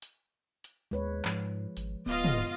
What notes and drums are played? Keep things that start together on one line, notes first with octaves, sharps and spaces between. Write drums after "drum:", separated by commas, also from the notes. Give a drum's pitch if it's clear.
drum: hi-hat
drum: hi-hat
D#2 G#3 B4 C#5
G#2 F3, drum: clap
G#1, drum: hi-hat
D1 B3 F4 D#5 F5
drum: tom